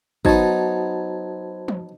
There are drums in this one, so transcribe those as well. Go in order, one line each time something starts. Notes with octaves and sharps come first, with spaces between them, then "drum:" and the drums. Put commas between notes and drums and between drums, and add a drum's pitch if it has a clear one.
F#3 B3 D#4 F#4 C5 A5 G#6, drum: kick
drum: tom F3